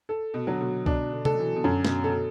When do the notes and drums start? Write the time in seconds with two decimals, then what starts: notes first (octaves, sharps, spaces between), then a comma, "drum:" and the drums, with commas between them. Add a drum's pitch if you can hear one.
0.09 A4
0.34 B2
0.47 D3 F#3
0.60 B2
0.86 B2 D4, drum: kick C2
1.12 D3
1.25 A4, drum: tom C3
1.34 F#3
1.39 E3
1.56 B2
1.64 F#2 D3
1.85 B2, drum: snare
2.04 B2 A4